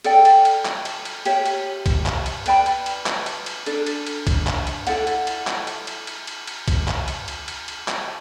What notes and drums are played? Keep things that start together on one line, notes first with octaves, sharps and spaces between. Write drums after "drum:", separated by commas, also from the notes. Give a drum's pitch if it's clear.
A4 D5 G5, drum: cymbal
drum: cymbal
drum: cymbal
drum: clap
drum: cymbal
drum: cymbal
G4 C#5 E5, drum: cymbal
drum: cymbal
drum: kick, cymbal
drum: clap
drum: cymbal
B4 D5 G5 B5, drum: cymbal
drum: cymbal
drum: cymbal
drum: clap
drum: cymbal
drum: cymbal
D4 A4 D5, drum: cymbal
drum: cymbal
drum: cymbal
drum: kick, cymbal
drum: clap
drum: cymbal
E4 A4 D5 F#5, drum: cymbal
drum: cymbal
drum: cymbal
drum: clap
drum: cymbal
drum: cymbal
drum: cymbal
drum: cymbal
drum: cymbal
drum: kick, cymbal
drum: clap
drum: cymbal
drum: cymbal
drum: cymbal
drum: cymbal
drum: clap